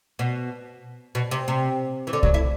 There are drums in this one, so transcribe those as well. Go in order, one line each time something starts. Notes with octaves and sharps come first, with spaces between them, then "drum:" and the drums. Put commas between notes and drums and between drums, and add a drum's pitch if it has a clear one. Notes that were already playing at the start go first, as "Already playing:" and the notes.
B2
B2
C3
C3
E3
D3
F#3, drum: kick C2
E4